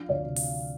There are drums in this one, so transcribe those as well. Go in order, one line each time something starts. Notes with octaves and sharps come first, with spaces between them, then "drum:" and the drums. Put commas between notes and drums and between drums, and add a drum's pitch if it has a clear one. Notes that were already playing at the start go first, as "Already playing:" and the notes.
Already playing: F3 D4 F5
D2 D5
C3
drum: open hi-hat